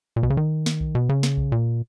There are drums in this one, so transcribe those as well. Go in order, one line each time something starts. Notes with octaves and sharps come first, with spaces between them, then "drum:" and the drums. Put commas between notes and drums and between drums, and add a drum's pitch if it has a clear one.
A#2
B2, drum: kick B1
C#3
D#3
drum: snare
drum: kick B1
B2
C#3
drum: snare
drum: kick B1
A#2